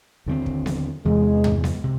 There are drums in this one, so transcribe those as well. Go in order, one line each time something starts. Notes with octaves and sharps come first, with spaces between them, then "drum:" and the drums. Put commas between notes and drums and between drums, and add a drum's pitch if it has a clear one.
D#2 D3 G3 C4
drum: kick
drum: snare B3
E2 C3 E3 G#3
drum: tom
drum: snare B3
C3